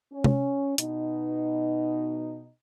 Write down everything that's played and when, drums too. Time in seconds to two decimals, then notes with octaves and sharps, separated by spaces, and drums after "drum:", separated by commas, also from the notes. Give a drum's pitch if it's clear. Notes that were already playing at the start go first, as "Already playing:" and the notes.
0.12 C#4
0.24 drum: tom C3
0.78 B2 D#4, drum: hi-hat